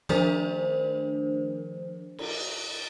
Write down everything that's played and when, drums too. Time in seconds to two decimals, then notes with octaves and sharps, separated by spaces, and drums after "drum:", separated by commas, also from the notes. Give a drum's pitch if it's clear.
0.09 D#3 F3 A3 D4 A#4 C5, drum: cymbal
2.18 drum: cymbal